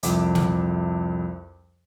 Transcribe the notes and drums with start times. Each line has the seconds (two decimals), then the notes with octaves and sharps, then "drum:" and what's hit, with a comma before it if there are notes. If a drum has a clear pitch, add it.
0.03 C2 F2 E5 D6, drum: hi-hat
0.35 drum: snare